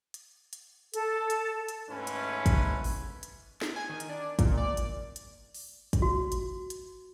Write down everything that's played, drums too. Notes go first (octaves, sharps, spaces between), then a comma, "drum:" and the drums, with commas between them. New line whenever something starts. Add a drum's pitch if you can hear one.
drum: hi-hat
drum: hi-hat
A4, drum: hi-hat
drum: hi-hat
drum: hi-hat
D#2 G#2 A3 C#4 E4 B4
drum: hi-hat
drum: kick, hi-hat
drum: open hi-hat
drum: hi-hat
drum: snare
G#5
D#3
drum: hi-hat
D4
A#2, drum: kick, hi-hat
D5
drum: hi-hat
drum: hi-hat
drum: open hi-hat
drum: kick, hi-hat
F#4
drum: hi-hat
drum: hi-hat